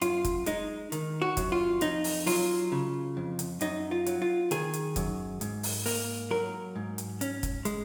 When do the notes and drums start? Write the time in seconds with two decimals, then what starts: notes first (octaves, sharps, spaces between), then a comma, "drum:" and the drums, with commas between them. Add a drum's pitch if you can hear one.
0.01 F#2 F4, drum: hi-hat
0.25 drum: kick, hi-hat
0.46 G#3 D#4, drum: hi-hat
0.92 D#3, drum: hi-hat
1.22 F#4
1.37 F#2, drum: kick, hi-hat
1.52 F4
1.81 F2 D#4, drum: hi-hat
2.04 drum: open hi-hat
2.26 F#3 F4, drum: open hi-hat
2.72 C#3
3.17 F2
3.39 drum: hi-hat
3.61 F#2 D#4, drum: hi-hat
3.91 F4
4.06 F#3, drum: hi-hat
4.22 F4
4.51 D#3 G#4, drum: hi-hat
4.74 drum: hi-hat
4.96 F#2, drum: kick, hi-hat
5.41 G#2, drum: hi-hat
5.63 drum: open hi-hat
5.86 A#3, drum: open hi-hat
6.31 F#3 A#4
6.76 G#2
6.98 drum: hi-hat
7.21 C#4, drum: hi-hat
7.43 drum: kick, hi-hat
7.65 G#3, drum: hi-hat